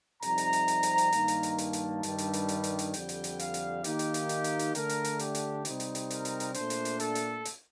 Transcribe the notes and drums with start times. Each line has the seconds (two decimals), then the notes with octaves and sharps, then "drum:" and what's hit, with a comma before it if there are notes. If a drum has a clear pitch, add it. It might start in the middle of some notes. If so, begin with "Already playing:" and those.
0.22 F2 C3 G3 C4 D#4 A#5, drum: hi-hat
0.38 drum: hi-hat
0.53 drum: hi-hat
0.68 drum: hi-hat
0.83 drum: hi-hat
0.98 drum: hi-hat
1.12 G2 D#3 A#3 D#4, drum: hi-hat
1.28 drum: hi-hat
1.43 drum: hi-hat
1.58 A5, drum: hi-hat
1.73 drum: hi-hat
2.03 G2 D#3 G3, drum: hi-hat
2.18 drum: hi-hat
2.33 drum: hi-hat
2.49 drum: hi-hat
2.64 drum: hi-hat
2.79 drum: hi-hat
2.94 F2 D3 G3 G5, drum: hi-hat
3.09 drum: hi-hat
3.24 drum: hi-hat
3.39 F5, drum: hi-hat
3.54 drum: hi-hat
3.84 D#3 A#3 D#4 G4, drum: hi-hat
3.99 drum: hi-hat
4.14 drum: hi-hat
4.29 drum: hi-hat
4.44 drum: hi-hat
4.59 drum: hi-hat
4.75 D3 A3 D4 A#4, drum: hi-hat
4.89 drum: hi-hat
5.04 drum: hi-hat
5.19 G4, drum: hi-hat
5.35 drum: hi-hat
5.65 C3 G3 C4 D#4, drum: hi-hat
5.80 drum: hi-hat
5.95 drum: hi-hat
6.10 A#4, drum: hi-hat
6.25 drum: hi-hat
6.40 drum: hi-hat
6.54 A#2 A3 D4 C5, drum: hi-hat
6.70 drum: hi-hat
6.85 drum: hi-hat
7.00 A4, drum: hi-hat
7.15 drum: hi-hat
7.45 drum: hi-hat